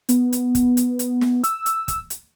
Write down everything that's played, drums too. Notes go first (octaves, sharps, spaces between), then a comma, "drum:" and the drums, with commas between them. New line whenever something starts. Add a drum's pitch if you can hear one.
B3, drum: hi-hat
drum: hi-hat
drum: kick, hi-hat
drum: hi-hat
drum: hi-hat
drum: snare
E6, drum: hi-hat
drum: hi-hat
drum: kick, hi-hat
drum: hi-hat